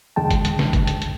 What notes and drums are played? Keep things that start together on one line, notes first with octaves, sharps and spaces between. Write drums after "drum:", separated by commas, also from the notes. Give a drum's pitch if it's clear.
E2 D3 G#3 G5 A5
drum: kick, hi-hat
drum: hi-hat
drum: snare
drum: kick, hi-hat
drum: hi-hat
drum: hi-hat